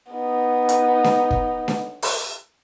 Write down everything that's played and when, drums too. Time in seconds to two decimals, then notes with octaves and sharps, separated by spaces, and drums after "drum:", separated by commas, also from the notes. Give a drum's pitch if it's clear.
0.12 B3 D#4
0.69 drum: hi-hat
1.04 drum: snare D4
1.30 drum: kick
1.68 drum: snare D4
2.02 drum: open hi-hat